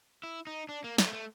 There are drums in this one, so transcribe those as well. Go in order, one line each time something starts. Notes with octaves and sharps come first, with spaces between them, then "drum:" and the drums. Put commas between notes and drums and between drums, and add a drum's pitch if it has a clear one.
E4
D#4
D4
A#3
A3, drum: snare
A3